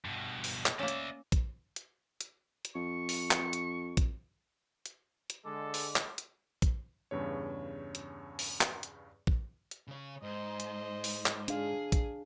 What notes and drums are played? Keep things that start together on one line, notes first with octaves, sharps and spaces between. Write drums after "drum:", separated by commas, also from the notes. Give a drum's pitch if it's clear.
G2 B2
drum: open hi-hat
drum: clap
A#3 C#4 D5 E5
drum: hi-hat
drum: kick, hi-hat
drum: hi-hat
drum: hi-hat
drum: hi-hat
F2 C#6
drum: open hi-hat
drum: clap
drum: hi-hat
drum: kick, hi-hat
drum: hi-hat
drum: hi-hat
D3 G#3 A4 D6
drum: open hi-hat
drum: clap
drum: hi-hat
drum: kick, hi-hat
E2 G2 C#3 C#5
drum: hi-hat
drum: open hi-hat
drum: clap
drum: hi-hat
drum: kick
drum: hi-hat
C#3 C#5
G#2 C5 D#5
drum: hi-hat
drum: open hi-hat
drum: clap
D4 G#4 F5, drum: hi-hat
drum: kick, hi-hat